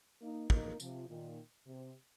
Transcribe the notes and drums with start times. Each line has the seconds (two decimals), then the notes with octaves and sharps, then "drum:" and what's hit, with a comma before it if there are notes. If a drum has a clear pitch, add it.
0.21 A#3 D#4
0.50 A#3 D#4, drum: kick
0.80 C3 F3, drum: tambourine
1.08 A#2 D#3
1.67 C3